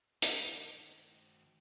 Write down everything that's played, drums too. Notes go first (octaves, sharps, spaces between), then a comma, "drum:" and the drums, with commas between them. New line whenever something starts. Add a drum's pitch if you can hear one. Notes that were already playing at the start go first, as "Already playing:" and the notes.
D#3 F#4, drum: hi-hat